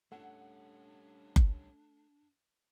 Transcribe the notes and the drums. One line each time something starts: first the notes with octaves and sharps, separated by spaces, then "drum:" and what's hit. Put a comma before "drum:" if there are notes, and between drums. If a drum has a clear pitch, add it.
G3 A3 C#4 D4 F#5
drum: kick F#1